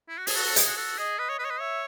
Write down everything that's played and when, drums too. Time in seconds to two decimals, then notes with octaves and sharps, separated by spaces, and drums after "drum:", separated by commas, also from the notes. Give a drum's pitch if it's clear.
0.09 E4
0.18 F#4
0.27 G#4, drum: open hi-hat
0.35 F#4 A4
0.46 A4
0.56 G#4, drum: hi-hat
0.67 F#4
0.77 F#4 A4
0.98 G#4 D#5
1.18 B4 D#5
1.29 C#5
1.39 B4 D#5
1.45 C#5
1.50 B4
1.60 C#5 E5